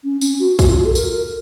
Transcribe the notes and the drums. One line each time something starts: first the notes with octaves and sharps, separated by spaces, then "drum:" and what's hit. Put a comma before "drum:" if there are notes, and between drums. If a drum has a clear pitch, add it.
C#4
C#4, drum: tambourine
F#4
F#4, drum: kick, tambourine
F4
F#4
A4
A#4, drum: tambourine